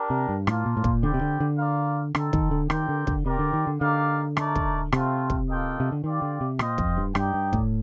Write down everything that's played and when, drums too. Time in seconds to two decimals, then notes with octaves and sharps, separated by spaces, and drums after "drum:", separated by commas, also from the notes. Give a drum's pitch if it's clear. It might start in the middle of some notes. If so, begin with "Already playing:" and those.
Already playing: D4 G4 A#4
0.10 C3
0.29 G2
0.47 A2 A#3 D4 F4, drum: rim click
0.66 A#2
0.77 A2
0.84 A#2, drum: kick
1.03 D3 G3 C4 G4 D5 G5
1.14 C3
1.21 D3
1.40 D3
1.58 F4 A#4 D5 F5
2.15 D3 C4 D#4 A4, drum: rim click
2.33 D#3, drum: kick
2.51 D3
2.70 D#3 C4 G4 A#4 D5 G5, drum: rim click
2.89 D3
3.07 D3, drum: kick
3.26 C3 C4 G4 A#4 D5
3.39 D3
3.53 D#3
3.67 D3
3.81 D3 A#3 D#4 G4 D5 F5
4.37 A3 D#4 A#4 D5, drum: rim click
4.56 drum: kick
4.92 C3 A3 C4 F4, drum: rim click
5.30 drum: kick
5.48 A#3 F4 A4 D#5 G5
5.80 C3
5.92 D3
6.04 D#3 C4 G4 D5 F5
6.22 D3
6.41 C3
6.59 A#2 F4 C5 D#5 G5, drum: rim click
6.78 F2, drum: kick
6.97 G2
7.15 G2 D#4 G4 D5 G5, drum: rim click
7.34 G2
7.53 A2, drum: kick